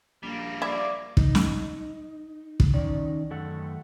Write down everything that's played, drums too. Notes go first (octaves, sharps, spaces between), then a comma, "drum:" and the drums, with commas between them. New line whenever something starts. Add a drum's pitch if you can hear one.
A#1 G3 A#3
E4 D5
D#4, drum: kick
drum: snare
drum: kick
D#3 C#4 D#4 D5
F#2 D#3 A3 A4 F#5